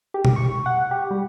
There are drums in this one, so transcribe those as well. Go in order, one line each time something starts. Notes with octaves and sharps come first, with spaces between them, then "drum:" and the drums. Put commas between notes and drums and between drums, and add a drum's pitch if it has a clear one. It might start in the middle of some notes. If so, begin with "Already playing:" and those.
G4
drum: tom B2
C#6
F#5
G4
G3